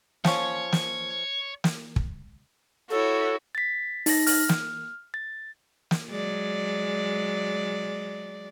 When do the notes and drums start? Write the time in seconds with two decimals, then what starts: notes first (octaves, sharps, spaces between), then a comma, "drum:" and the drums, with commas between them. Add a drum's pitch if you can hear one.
0.25 F3 C#4 C#5, drum: snare
0.72 drum: snare
1.64 drum: snare
1.96 drum: kick
2.90 E4 F#4 A4 C#5
3.55 A6 B6
4.06 D#4 A#6, drum: open hi-hat
4.27 F6, drum: open hi-hat
4.49 drum: snare
5.14 A6
5.91 drum: snare
6.10 F#3 G#3 D5